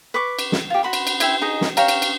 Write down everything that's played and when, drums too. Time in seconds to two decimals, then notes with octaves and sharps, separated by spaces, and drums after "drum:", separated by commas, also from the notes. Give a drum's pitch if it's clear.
0.14 B4 C#6 D6
0.39 drum: cymbal
0.52 drum: snare
0.70 F4 G4
0.83 F#4 B5 C6
0.93 drum: cymbal
1.07 drum: cymbal
1.20 E4 C5 E5 G5, drum: cymbal
1.41 D#4 G#4 D#5
1.61 drum: snare
1.77 G4 C#5 F5 A#5, drum: cymbal
1.88 drum: cymbal
2.02 drum: cymbal